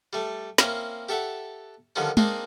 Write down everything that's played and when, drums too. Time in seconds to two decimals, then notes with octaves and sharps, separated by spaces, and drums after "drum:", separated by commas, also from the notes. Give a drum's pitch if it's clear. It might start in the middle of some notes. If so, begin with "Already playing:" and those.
0.13 G3 A3
0.58 A#3 C4 C#4 E4, drum: snare
1.09 G4 A4 E5 F#5
1.96 D3 D#3 F3 G3 C#4
2.17 A#3 C4 D4 D#4 G#4 D5, drum: tom G#3